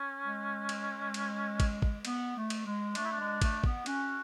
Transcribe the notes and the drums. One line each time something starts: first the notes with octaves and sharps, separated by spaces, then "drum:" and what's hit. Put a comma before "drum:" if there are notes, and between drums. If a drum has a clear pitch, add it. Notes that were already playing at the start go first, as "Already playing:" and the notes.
Already playing: C#4
G#3
drum: cymbal
drum: cymbal
drum: kick, cymbal
drum: kick
B3, drum: cymbal
A3
drum: cymbal
G#3
A3 D4, drum: cymbal
E4
D4
G#3
A3, drum: kick, cymbal
B3, drum: kick
C#4 F#4, drum: cymbal